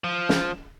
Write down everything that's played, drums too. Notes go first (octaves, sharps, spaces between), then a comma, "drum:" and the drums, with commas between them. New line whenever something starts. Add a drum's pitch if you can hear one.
F3
drum: snare